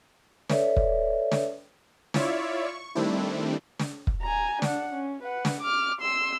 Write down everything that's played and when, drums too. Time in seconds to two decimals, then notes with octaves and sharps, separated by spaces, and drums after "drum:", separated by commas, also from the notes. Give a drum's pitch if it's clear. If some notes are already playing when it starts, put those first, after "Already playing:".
0.50 A4 B4 C#5 D5 E5, drum: snare
0.77 drum: kick
1.32 drum: snare
2.14 E4 F4 C#5 D5 E5, drum: snare
2.66 C#6
2.95 D#3 G3 A3 C4 D4 E4
3.80 drum: snare
4.07 drum: kick
4.23 G#5 A#5
4.62 D4 F#5, drum: snare
4.93 C#4
5.23 B4 F#5
5.45 drum: snare
5.60 D6 F6
6.01 C6 E6